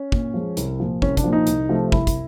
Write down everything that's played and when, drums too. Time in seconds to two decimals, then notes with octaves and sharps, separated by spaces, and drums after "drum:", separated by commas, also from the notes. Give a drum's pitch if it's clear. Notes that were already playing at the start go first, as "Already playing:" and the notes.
Already playing: C#4
0.12 A#2, drum: kick
0.34 F3 G#3
0.57 C2, drum: hi-hat
0.80 A#2 F3
1.02 C2 C#4, drum: kick
1.17 D4, drum: kick, hi-hat
1.24 A#2 F3
1.33 D#4
1.47 C2, drum: hi-hat
1.69 C3 F3 A3
1.92 C2 E4, drum: kick
2.07 drum: kick, hi-hat